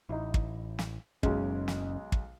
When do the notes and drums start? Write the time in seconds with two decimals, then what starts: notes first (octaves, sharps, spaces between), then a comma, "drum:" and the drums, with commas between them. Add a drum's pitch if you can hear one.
0.09 A1 D#4 E4
0.34 drum: kick
0.79 drum: snare
1.23 F#1 B1 F#2 G#3 C#4, drum: kick
1.68 drum: snare
2.12 drum: kick